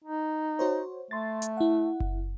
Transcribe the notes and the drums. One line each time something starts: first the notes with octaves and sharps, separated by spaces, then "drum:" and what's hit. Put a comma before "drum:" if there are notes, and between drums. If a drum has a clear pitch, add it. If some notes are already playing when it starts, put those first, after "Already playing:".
D#4
F#4 C5 C#5
A3 C6 A6
drum: hi-hat
E4 F#5
drum: kick F#1